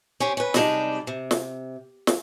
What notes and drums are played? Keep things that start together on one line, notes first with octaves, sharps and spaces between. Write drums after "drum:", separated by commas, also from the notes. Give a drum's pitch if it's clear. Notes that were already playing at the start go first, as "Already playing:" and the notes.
C#4 G4 C5
C#4 B4
C3 G3 G#3 D4 D#4 G4, drum: snare
C3
drum: snare
drum: snare